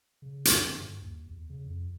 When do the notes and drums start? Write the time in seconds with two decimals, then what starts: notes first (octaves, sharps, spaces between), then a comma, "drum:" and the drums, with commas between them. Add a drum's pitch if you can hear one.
0.22 C#3
0.45 drum: hi-hat
0.64 D3
0.78 G2
1.02 D#2
1.26 E2
1.50 C#3
1.66 F2